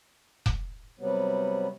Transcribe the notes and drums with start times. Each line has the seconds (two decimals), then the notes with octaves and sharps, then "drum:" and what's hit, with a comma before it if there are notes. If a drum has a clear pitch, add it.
0.46 drum: kick F1
1.00 C3 F#3 G3 B3